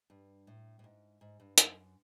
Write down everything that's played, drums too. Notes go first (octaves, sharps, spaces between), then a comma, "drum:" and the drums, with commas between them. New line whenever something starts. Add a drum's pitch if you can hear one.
G2
A2
A2
G#2
G#2
G2
F#2, drum: hi-hat